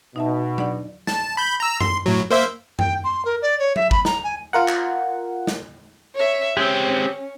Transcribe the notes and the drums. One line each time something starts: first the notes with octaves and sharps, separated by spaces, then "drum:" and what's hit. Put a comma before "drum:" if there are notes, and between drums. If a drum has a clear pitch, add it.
B2 D#4 E5 A5
D4 D5 F#5, drum: tom F#3
A5, drum: snare
B5 G6
A#5 E6
C6, drum: tom F#2
A2 F#3
A#3 C5 E5
G5, drum: tom F#2
C6
A#4
D5
C#5
E5, drum: tom F#3
B5, drum: kick G1
A#5, drum: snare
G#5
F4 A#4 F#5
drum: clap
drum: snare
C#5 E5
G#3 C4 C#4 G4 G5